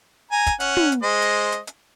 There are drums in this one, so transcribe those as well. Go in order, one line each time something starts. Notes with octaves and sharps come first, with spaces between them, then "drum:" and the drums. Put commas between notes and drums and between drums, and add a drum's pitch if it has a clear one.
G#5 A#5
drum: kick, hi-hat
C#4 F#5, drum: hi-hat
drum: tom
drum: hi-hat
G#3 C5 D#5
drum: hi-hat
drum: hi-hat
drum: hi-hat